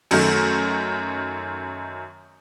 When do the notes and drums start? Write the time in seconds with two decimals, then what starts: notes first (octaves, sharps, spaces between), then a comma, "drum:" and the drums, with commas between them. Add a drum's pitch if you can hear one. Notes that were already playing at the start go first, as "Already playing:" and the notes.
0.11 F#2 D#3 A3, drum: cymbal